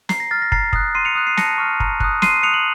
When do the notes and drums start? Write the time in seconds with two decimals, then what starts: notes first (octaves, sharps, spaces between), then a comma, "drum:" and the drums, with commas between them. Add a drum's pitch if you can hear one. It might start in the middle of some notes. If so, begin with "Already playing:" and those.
0.09 A#5 C7, drum: snare
0.20 A#6
0.31 F6 A6
0.42 A#6
0.52 A#5 A6 C7, drum: kick
0.73 D#6 F#6, drum: kick
0.95 C6 C7 D#7
1.05 C#7 F7
1.15 D#6 F#6
1.27 C7 D#7
1.37 A5 A#6 C#7, drum: snare
1.58 C#6 F6
1.80 A#5, drum: kick
2.00 D#6 F#6, drum: kick
2.22 C6 C7 D#7, drum: snare
2.43 D#6 F#6 C#7 F7
2.54 F#7